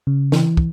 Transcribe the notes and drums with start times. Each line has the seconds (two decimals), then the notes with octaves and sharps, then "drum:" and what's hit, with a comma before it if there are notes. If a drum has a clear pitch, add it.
0.07 C#3
0.32 E3, drum: snare
0.57 drum: kick